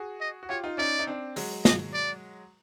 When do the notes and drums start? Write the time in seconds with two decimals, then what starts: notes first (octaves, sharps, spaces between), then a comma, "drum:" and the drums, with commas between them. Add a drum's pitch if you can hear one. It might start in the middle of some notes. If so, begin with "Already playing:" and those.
Already playing: F#4 G#4
0.21 D#5
0.43 F#4
0.49 F4 G4 C#5
0.64 D#4 F4
0.78 C#4 D#4 D5
0.99 D#4
1.07 C4 D4
1.36 F#3 G#3, drum: open hi-hat
1.65 D#5, drum: snare
1.94 D5